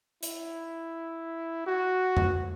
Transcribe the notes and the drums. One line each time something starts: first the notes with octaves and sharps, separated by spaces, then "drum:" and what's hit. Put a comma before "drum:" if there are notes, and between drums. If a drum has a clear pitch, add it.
E4, drum: hi-hat
F#4
drum: tom F2